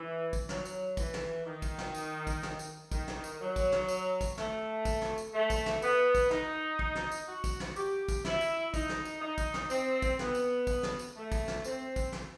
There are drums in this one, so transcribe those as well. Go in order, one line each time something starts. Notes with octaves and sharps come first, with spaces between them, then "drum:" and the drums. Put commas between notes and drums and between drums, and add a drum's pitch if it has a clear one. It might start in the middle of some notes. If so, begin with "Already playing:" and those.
Already playing: E3
drum: kick, tambourine
F#3, drum: snare
drum: tambourine
E3, drum: kick, tambourine
drum: snare
D#3
drum: kick, tambourine
drum: snare
drum: tambourine
drum: kick, tambourine
drum: snare
drum: tambourine
D#3, drum: kick, tambourine
drum: snare
drum: tambourine
F#3
drum: kick, tambourine
drum: snare
drum: tambourine
drum: kick, tambourine
A3, drum: snare
drum: kick, tambourine
drum: snare
drum: tambourine
A3
drum: kick, tambourine
drum: snare
B3, drum: tambourine
drum: kick, tambourine
D#4, drum: snare
drum: kick
drum: snare
drum: tambourine
F#4
drum: kick, tambourine
drum: snare
G4, drum: tambourine
drum: kick, tambourine
E4, drum: snare
drum: tambourine
D#4, drum: kick, tambourine
drum: snare
drum: tambourine
D#4
drum: kick, tambourine
drum: snare
C4, drum: tambourine
drum: kick, tambourine
B3, drum: snare
drum: tambourine
drum: kick, tambourine
drum: snare
drum: tambourine
A3
drum: kick, tambourine
drum: snare
C4, drum: tambourine
drum: kick, tambourine
drum: snare